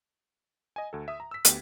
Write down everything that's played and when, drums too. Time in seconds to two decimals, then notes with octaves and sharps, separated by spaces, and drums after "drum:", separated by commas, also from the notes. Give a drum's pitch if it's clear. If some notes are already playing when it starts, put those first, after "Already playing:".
0.76 D#5 G#5
0.93 D2 A4
1.08 E5 D#6
1.20 A#5
1.31 E6 B6
1.45 D2 B3 G4, drum: hi-hat